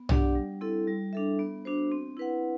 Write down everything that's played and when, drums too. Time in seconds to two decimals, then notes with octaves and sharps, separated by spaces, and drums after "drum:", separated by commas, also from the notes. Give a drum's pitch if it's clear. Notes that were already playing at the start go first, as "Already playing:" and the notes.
Already playing: B3
0.09 D4 G4 D5 F#5, drum: tom
0.35 G3
0.61 C4 E4 A4
0.87 G3
1.13 D4 A4 E5
1.39 B3
1.65 D4 F#4 C5
1.92 C4
2.17 E4 B4 F#5